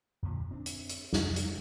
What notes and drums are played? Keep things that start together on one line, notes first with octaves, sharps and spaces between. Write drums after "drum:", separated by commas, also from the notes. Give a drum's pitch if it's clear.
F2 A#2 D3 F3
C4 D4
drum: hi-hat
drum: hi-hat
F2, drum: snare
drum: hi-hat